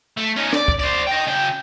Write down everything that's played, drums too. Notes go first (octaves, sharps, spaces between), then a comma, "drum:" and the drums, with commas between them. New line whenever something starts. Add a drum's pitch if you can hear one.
A3
C#4 D#4
D5, drum: snare
drum: kick
C5 D5
D#5 G5
C#3 G5